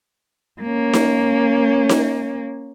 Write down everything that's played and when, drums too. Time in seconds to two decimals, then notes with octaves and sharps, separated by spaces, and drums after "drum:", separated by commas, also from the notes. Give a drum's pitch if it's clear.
0.62 A#3 C#4
0.93 drum: snare D#4
1.89 drum: snare D#4